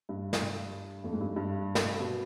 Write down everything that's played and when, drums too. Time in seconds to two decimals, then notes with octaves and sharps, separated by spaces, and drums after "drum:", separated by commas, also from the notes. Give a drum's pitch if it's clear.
0.09 G2
0.33 drum: snare
1.04 F2
1.13 G#2
1.20 G2
1.36 G2
1.75 drum: snare
1.99 B2